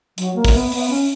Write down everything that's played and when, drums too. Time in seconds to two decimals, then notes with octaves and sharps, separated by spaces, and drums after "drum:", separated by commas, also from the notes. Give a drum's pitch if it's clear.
0.18 F#3, drum: hi-hat
0.35 A#3
0.45 drum: kick, open hi-hat
0.54 B3
0.72 B3, drum: open hi-hat
0.90 C#4